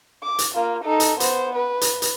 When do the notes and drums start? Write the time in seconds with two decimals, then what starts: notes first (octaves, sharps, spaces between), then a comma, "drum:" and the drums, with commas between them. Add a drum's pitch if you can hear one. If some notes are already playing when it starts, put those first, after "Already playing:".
0.23 D6
0.39 drum: hi-hat
0.55 A#3 F4
0.84 D#4 A4
1.00 drum: hi-hat
1.20 B3 C5, drum: hi-hat
1.55 B4
1.81 drum: hi-hat
2.02 drum: hi-hat